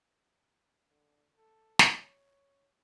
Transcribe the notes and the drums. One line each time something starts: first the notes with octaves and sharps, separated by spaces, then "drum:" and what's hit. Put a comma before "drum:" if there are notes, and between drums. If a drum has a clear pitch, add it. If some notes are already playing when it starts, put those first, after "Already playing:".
D3
A4
drum: snare
C#5